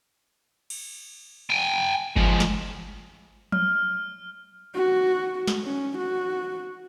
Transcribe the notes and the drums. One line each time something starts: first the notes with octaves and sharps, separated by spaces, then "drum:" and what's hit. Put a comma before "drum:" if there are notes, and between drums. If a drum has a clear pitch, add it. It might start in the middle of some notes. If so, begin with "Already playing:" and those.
drum: cymbal
G5 G#5
F3 G#3, drum: kick G1
drum: snare
F6, drum: tom F3
F#4
drum: snare
C#4
F#4